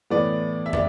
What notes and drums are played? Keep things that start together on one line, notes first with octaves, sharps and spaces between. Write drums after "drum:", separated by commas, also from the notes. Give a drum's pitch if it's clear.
A2 E3 B3 D5
E5
D5, drum: tom